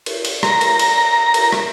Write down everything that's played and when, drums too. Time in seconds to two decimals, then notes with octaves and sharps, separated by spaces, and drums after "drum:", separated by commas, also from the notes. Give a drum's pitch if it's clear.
0.06 drum: cymbal
0.25 drum: cymbal
0.43 A#5, drum: rim click
0.61 drum: cymbal
0.79 drum: cymbal
1.34 drum: cymbal
1.53 drum: rim click